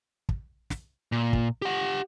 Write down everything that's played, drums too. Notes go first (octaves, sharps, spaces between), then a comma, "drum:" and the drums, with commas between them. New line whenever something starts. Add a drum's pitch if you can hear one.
drum: kick
drum: snare
A#2
drum: kick
G4 F#5